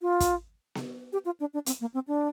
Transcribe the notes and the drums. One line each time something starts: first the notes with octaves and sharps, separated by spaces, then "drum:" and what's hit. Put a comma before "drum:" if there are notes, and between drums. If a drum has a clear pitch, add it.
F4
drum: kick, hi-hat
drum: snare B3
G4
F4
D4
D4
C4, drum: hi-hat
A#3
C4
D4